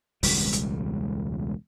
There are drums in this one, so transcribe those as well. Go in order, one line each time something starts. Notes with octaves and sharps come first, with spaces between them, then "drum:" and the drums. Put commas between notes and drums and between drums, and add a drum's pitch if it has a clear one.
E1 C#2 A2 G3, drum: open hi-hat
drum: hi-hat